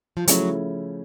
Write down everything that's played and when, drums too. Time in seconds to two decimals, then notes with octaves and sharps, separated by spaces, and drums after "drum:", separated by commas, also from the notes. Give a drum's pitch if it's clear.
0.17 F3
0.28 C#3 F3 F#3 A3 C#4 E4, drum: hi-hat